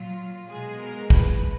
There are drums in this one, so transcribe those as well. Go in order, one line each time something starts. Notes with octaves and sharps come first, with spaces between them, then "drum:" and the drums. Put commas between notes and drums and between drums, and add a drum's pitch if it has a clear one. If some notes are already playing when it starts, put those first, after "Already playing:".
Already playing: A#2 F#3 F4
B2 G#3 G#4
A#4
B4, drum: kick